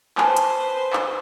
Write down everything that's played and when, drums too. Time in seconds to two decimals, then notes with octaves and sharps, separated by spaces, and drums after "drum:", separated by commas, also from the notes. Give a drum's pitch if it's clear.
0.18 B4 C5 G#5 A5, drum: clap
0.37 drum: hi-hat
0.93 drum: clap